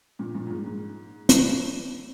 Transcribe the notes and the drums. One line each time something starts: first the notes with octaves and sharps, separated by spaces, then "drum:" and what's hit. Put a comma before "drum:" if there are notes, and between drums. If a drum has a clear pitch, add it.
G2 A#2
G2 A#2
A#2
G#2
G#2
drum: hi-hat